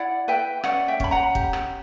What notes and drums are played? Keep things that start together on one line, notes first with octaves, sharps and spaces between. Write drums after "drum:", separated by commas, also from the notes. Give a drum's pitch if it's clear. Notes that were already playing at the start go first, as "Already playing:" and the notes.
Already playing: E4 D5 F#5
B4 E5 G5
C#4 D5 F#5, drum: rim click
E5 G5
C#4 B5, drum: kick
F#5 A#5
G4, drum: kick
drum: rim click